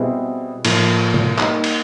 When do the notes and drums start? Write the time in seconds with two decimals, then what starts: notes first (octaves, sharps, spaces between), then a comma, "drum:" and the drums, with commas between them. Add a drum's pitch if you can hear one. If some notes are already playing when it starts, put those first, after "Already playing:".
Already playing: B2 G3 C4 E4 G#4
0.65 A2 F3 A#3, drum: cymbal
1.14 drum: tom
1.39 G3 A#3 D#4, drum: clap
1.64 drum: cymbal